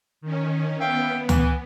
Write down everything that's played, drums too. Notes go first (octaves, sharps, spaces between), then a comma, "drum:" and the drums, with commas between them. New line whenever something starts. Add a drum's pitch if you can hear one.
D#3 C#4
B3 E5 F5 G5
E3, drum: tom D2